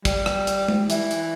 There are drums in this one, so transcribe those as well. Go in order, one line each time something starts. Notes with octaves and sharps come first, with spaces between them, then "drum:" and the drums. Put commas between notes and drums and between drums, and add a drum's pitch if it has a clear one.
G3, drum: kick, hi-hat
drum: rim click
drum: hi-hat
drum: tom G#3
E3, drum: hi-hat
drum: hi-hat